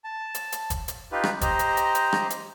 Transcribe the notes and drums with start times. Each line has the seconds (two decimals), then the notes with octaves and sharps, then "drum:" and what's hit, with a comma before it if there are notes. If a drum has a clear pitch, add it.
0.04 A5
0.35 drum: hi-hat
0.52 drum: hi-hat
0.70 drum: kick, hi-hat
0.88 drum: hi-hat
1.12 D#4 F4 G4 B4
1.24 drum: rim click
1.41 G4 C5 D#5 A#5, drum: kick, hi-hat
1.59 drum: hi-hat
1.77 drum: hi-hat
1.95 drum: hi-hat
2.13 drum: rim click
2.30 drum: hi-hat